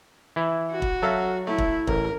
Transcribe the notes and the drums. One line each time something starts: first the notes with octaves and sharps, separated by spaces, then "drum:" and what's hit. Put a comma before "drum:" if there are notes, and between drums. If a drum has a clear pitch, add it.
E3 E4
F#4
drum: kick
F#3 A4 E5 F5
A3 E4
drum: kick
A1 A#4, drum: kick